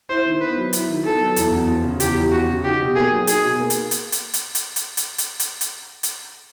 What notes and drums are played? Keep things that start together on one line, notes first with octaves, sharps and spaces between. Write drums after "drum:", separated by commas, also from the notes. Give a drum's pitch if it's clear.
E4 C5
D#3
B3 B4
F#3
E4, drum: hi-hat
D#3
B3 A4
F#3
E2, drum: hi-hat
E2
F3
C#3
E2 G4, drum: hi-hat
E2
F3 F#4
C#3
D#4 G4
B2
A#3 G#4
F#3
D#4 G#4, drum: hi-hat
B2
A#3
drum: hi-hat
drum: hi-hat
drum: hi-hat
drum: hi-hat
drum: hi-hat
drum: hi-hat
drum: hi-hat
drum: hi-hat
drum: hi-hat
drum: hi-hat
drum: hi-hat